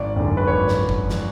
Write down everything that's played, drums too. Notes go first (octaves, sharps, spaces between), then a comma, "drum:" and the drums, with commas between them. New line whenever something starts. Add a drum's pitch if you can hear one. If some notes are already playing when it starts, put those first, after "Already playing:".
Already playing: G#1 D5
F#2 D3
B4
G#1 C#5
drum: snare
drum: kick F#1
drum: snare